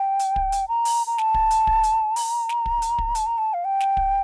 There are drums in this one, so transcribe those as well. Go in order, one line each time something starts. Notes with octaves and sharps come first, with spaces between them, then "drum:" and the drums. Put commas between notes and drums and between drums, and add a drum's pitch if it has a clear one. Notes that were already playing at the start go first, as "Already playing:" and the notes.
Already playing: G5
drum: hi-hat
drum: kick
drum: hi-hat
A#5
drum: open hi-hat
A#5
A5, drum: snare
drum: kick
drum: hi-hat
drum: kick
drum: hi-hat
A#5, drum: open hi-hat
drum: snare
drum: kick
drum: hi-hat
drum: kick
A5, drum: hi-hat
A#5
A5
F5
G5
drum: snare
drum: kick